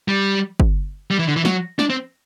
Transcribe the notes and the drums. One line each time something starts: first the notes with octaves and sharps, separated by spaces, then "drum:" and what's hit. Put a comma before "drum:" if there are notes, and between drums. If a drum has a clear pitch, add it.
G3
drum: kick
G3
E3
D3
E3
F#3, drum: snare
D4, drum: snare
C4